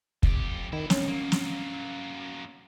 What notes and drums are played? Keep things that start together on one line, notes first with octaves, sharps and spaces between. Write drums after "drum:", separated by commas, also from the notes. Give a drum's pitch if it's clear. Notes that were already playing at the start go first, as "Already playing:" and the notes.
F2 G4, drum: kick
F2 D#3 E4
C2 C#4, drum: snare
F#3 A#3
drum: snare